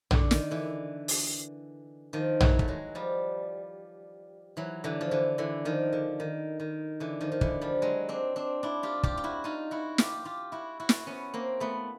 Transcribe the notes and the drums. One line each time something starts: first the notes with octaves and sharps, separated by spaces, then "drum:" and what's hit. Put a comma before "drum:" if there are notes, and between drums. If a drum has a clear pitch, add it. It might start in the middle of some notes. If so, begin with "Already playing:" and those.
D3, drum: tom A#1
D#3, drum: snare
D3 E3
drum: open hi-hat
D#3 F3
E3 F#3, drum: tom A#1
A3, drum: kick
F#3 G#3
F3 G3
E3 F#3
D3 E3
F3
D3 E3
D3 E3
D#3 F3
D3
D#3
D#3
D3 E3
D#3 F3
D#3
D3 E3, drum: kick
F3 G3
F#3 G#3
C4 D4
C4 D4
D4 E4
F4 G4
F4 G4, drum: kick
F4
E4 F#4
D#4 F4
E4 F#4
F4 G4, drum: snare
F4 G4
E4 F#4
E4 F#4
drum: snare
B3 C#4
A#3 C4
A3 B3